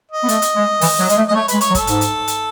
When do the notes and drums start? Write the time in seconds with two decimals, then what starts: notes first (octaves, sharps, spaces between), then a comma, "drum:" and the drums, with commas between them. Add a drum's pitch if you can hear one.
0.11 D#5
0.23 B3
0.29 A3, drum: hi-hat
0.42 drum: hi-hat
0.56 G#3
0.81 E3, drum: open hi-hat
0.99 F#3
1.09 G#3, drum: hi-hat
1.17 A3
1.28 D#5
1.31 G#3
1.34 A3 C#5
1.48 G#3 B4, drum: hi-hat
1.61 C#5, drum: hi-hat
1.70 F#3
1.75 A4, drum: kick, hi-hat
1.87 G#2, drum: hi-hat
2.01 drum: hi-hat
2.28 drum: hi-hat